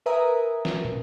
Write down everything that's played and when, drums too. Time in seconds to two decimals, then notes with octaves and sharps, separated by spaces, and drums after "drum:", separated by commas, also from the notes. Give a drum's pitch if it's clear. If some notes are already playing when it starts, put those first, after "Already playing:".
0.06 A#4 B4 E5 G#5 A#5 D#6
0.65 drum: snare
0.85 drum: tom